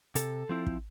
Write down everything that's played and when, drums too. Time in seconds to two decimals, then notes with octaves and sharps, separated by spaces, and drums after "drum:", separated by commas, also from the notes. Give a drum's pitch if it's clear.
0.15 C3 A4, drum: hi-hat
0.49 F3 C4 E4
0.66 drum: kick